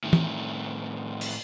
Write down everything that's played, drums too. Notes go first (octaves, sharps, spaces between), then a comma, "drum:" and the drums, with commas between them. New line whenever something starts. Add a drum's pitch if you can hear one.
A2 D#3
drum: tom
drum: open hi-hat